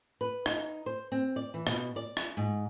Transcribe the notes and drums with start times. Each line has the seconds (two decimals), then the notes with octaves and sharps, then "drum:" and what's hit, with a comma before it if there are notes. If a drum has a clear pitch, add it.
0.21 B4
0.46 D#4, drum: rim click
0.86 C5
1.12 C4
1.36 D5
1.54 E3
1.67 B2, drum: rim click
1.96 D5
2.17 drum: rim click
2.37 G#2